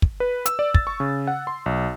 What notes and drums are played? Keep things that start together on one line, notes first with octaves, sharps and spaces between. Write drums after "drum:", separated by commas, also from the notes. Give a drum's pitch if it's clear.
drum: kick
B4
E6, drum: hi-hat
D5
A6, drum: kick
C#6
C#3
F#5
C6
B1